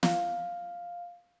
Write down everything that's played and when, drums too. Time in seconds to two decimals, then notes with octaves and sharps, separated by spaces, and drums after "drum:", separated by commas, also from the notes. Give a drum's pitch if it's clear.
0.03 F5, drum: snare